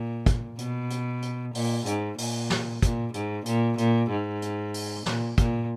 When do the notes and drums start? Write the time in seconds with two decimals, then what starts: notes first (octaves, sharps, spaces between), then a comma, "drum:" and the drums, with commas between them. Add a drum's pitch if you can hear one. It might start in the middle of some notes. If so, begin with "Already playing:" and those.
Already playing: A#2
0.26 drum: kick, hi-hat
0.58 B2, drum: hi-hat
0.90 drum: hi-hat
1.22 drum: hi-hat
1.55 A#2, drum: open hi-hat
1.86 G#2, drum: hi-hat
2.18 A#2, drum: open hi-hat
2.50 drum: snare
2.82 A#2, drum: kick, hi-hat
3.14 G#2, drum: hi-hat
3.46 A#2, drum: hi-hat
3.78 A#2, drum: hi-hat
4.10 G#2
4.42 drum: hi-hat
4.74 drum: open hi-hat
5.06 A#2, drum: snare
5.38 A#2, drum: kick, hi-hat